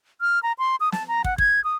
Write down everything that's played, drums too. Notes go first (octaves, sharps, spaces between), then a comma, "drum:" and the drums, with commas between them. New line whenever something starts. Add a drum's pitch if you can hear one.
F6
A#5
C6
D#6
A5, drum: snare
A#5
F#5, drum: kick
G#6, drum: kick
D#6